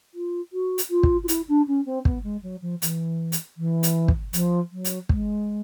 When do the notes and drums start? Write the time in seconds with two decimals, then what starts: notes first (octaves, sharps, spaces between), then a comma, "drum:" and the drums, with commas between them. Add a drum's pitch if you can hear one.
0.14 F4
0.53 F#4
0.78 drum: hi-hat
0.90 F4
1.03 drum: kick
1.23 F4
1.28 E4, drum: hi-hat
1.48 D4
1.67 C#4
1.86 C4
2.05 B3, drum: kick
2.24 G#3
2.43 F#3
2.62 F3
2.82 E3, drum: hi-hat
3.32 drum: hi-hat
3.57 E3
3.83 drum: hi-hat
4.08 drum: kick
4.33 F3, drum: hi-hat
4.72 F#3
4.85 drum: hi-hat
5.09 G#3, drum: kick